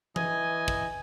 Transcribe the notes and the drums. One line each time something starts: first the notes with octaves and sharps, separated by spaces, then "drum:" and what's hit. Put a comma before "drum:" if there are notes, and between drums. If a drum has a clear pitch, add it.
E3 D#5 G#5, drum: tom E3
drum: kick